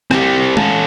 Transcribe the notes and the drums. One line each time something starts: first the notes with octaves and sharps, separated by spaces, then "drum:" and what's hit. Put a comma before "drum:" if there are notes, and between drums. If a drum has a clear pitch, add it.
G3 C4, drum: rim click
C#4 A4, drum: tom G#3